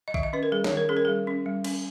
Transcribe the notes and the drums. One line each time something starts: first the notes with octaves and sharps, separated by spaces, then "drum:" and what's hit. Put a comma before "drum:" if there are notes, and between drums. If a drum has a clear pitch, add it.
D#5
D#3 E5, drum: kick A#1
D#5
C#4 B4
A#4
G3 G#4
C#5, drum: snare
D#3
A#4
C#4 G#4
A#4
G3 G#4
C#4
G3
C#4, drum: cymbal